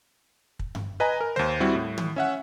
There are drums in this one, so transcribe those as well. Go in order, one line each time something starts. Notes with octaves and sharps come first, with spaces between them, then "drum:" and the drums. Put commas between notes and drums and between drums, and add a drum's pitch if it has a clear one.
drum: kick
drum: tom G2
B4 D#5 G#5 A#5
A#4
D#2 C5, drum: snare G#3
G3 C4 E4 F#4
A2
drum: tom
C#4 E5 F#5